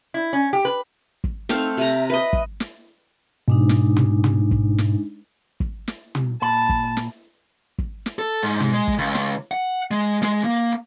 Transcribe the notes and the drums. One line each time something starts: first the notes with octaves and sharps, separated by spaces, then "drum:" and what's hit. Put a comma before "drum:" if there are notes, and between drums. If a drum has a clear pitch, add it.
E4
C#4
G4
B4
drum: kick
A3 C4 D#4 F5, drum: snare
C3 E5 A#5
B4 D#5 E5
drum: kick
drum: snare
G#2 B2 G#3 D4 D#4
drum: snare
drum: tom
drum: tom
drum: kick
drum: snare
drum: kick
drum: snare
drum: tom
A#2 A5 B5
drum: kick
drum: snare
drum: kick
drum: snare
A4
G#2
drum: tom
G#3
drum: kick
C#2
drum: snare
F#5
G#3
G#3, drum: snare
A#3